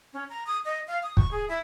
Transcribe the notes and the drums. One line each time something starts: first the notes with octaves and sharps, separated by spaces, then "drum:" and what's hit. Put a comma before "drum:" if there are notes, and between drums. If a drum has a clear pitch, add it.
C#4
A#5
D#6
D#5
F5
D#6
C#6, drum: kick
G#4
E4